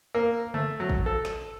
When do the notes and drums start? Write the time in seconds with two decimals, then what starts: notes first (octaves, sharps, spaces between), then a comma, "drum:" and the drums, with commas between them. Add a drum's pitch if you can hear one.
0.15 A#3
0.54 A3, drum: tom C#3
0.80 F#3
0.89 drum: kick
1.06 A4
1.25 drum: snare